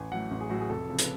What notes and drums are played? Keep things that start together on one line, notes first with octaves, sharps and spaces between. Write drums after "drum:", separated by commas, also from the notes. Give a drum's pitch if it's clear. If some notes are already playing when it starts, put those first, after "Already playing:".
Already playing: A1 G#5
A2 F#3 F#5
A1
G#4
A2 F#3 F#4
G#4
F1 A4
F2 C#3
B4, drum: hi-hat